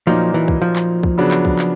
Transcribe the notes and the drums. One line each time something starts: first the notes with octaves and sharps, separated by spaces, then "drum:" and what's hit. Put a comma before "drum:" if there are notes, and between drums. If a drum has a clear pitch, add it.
A#2 F3 F#3 A#3 D#4
E3
drum: kick
F3
drum: clap
drum: kick
C#3 F#3 B3 D4
drum: clap
drum: kick
drum: clap